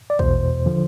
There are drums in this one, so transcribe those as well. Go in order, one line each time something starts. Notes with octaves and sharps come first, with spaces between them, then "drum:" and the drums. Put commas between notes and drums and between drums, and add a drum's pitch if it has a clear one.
D5
E2 B2 C5, drum: kick
D3 F3